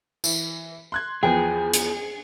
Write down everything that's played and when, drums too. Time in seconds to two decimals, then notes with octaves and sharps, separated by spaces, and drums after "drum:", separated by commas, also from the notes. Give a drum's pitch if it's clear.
0.24 E3, drum: tambourine
0.92 C6 F#6 G#6
1.23 E2 F3 B3 G#4 G5
1.74 drum: hi-hat